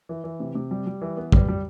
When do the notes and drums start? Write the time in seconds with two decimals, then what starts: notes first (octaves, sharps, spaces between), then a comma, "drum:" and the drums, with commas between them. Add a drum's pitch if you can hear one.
0.09 E3
0.24 E3
0.40 C3
0.55 C3
0.71 G3
0.87 G3
1.02 E3
1.17 B3
1.32 G3, drum: kick
1.48 G3